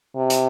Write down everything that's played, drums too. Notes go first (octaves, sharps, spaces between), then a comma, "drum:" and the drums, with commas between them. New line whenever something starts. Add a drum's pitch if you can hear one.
C3
drum: hi-hat